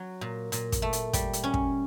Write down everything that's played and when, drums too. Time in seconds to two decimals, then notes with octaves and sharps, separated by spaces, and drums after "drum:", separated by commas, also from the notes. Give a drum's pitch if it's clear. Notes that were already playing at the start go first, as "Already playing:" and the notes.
Already playing: F#3
0.21 A#2
0.52 A#2, drum: hi-hat
0.72 drum: kick, hi-hat
0.82 A3
0.93 drum: hi-hat
1.13 G3, drum: kick, hi-hat
1.33 drum: hi-hat
1.44 C#4
1.54 drum: kick